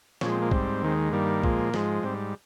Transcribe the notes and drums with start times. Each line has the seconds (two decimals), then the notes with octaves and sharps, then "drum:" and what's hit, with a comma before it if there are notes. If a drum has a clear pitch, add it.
0.21 A#2 F3 G#3 C#4, drum: snare
0.32 C4
0.42 A#3
0.51 G#2 G3 C4, drum: kick
0.82 D#2 D#3 G#3
1.12 G2 D#3 G3 A#3
1.44 A#2 F3 G#3, drum: kick
1.74 G#2 F3 G#3, drum: snare
2.03 G#2 G3 C4